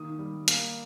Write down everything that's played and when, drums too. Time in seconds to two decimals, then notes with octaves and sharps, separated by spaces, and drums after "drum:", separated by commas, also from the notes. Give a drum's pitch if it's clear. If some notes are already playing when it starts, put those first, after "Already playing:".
Already playing: D#3 A#3 D#6
0.19 G3
0.48 A#3, drum: hi-hat